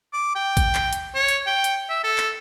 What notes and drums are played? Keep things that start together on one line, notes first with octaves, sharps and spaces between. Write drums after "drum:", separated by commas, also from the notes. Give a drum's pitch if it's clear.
D6
G5
drum: kick G#1, hi-hat
drum: clap
drum: hi-hat
C#5
drum: hi-hat
G5
drum: hi-hat
E5
A4
drum: clap